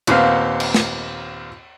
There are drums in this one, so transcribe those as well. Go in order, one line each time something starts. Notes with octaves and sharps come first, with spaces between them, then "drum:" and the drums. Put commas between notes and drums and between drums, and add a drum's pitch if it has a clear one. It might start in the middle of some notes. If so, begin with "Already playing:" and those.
D#2 A#2 B3 C4 F5, drum: cymbal
drum: cymbal
drum: snare